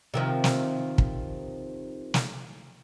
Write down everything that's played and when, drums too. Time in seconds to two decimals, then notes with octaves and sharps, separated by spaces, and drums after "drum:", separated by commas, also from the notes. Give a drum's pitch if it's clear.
0.14 C3 D#3 F3
0.44 drum: snare
0.98 drum: kick
2.14 drum: snare